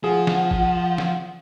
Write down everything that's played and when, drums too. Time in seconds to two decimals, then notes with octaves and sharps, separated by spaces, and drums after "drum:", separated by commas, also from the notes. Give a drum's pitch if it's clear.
0.04 F3 G#4 F#5
0.27 drum: snare
0.51 drum: kick G#1
0.98 drum: snare